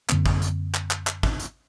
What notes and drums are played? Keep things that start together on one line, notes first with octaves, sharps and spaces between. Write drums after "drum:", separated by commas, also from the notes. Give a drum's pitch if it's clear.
F#2 D3 A#3 C4, drum: clap
drum: kick
drum: hi-hat
drum: clap
drum: clap
drum: clap
drum: kick
drum: hi-hat